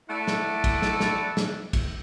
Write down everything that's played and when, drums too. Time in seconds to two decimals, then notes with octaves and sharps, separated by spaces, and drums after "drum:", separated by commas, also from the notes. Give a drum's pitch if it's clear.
0.09 A3 E4 D5 E5 F#5
0.28 drum: snare
0.64 drum: kick, cymbal
0.82 drum: snare
1.00 drum: snare
1.37 drum: snare
1.73 drum: kick, cymbal